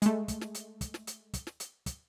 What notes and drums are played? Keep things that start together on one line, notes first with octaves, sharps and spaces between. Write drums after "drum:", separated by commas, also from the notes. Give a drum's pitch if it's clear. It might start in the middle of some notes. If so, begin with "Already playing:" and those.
G#3 A3, drum: hi-hat
drum: kick, hi-hat
drum: snare
drum: hi-hat
drum: kick, hi-hat
drum: snare
drum: hi-hat
drum: kick, hi-hat
drum: snare
drum: hi-hat
drum: kick, hi-hat